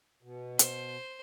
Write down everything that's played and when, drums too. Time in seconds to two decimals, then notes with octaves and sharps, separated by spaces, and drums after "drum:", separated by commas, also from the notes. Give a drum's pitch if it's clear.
0.23 B2
0.59 C5, drum: hi-hat